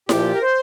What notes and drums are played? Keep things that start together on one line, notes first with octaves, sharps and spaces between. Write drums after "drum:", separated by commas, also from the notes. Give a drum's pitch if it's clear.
A#2 F3 G4, drum: snare E4
A#4
C5